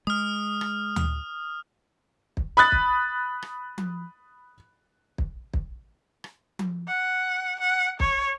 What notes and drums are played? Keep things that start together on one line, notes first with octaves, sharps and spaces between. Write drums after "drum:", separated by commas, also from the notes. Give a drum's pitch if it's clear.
G#3 D#6 F6
drum: rim click
drum: tom D2
drum: kick
B5 D#6 F#6 A6
drum: kick
drum: rim click
drum: tom F3
drum: kick
drum: kick
drum: rim click
drum: tom F3
F#5
F#5
C#5, drum: kick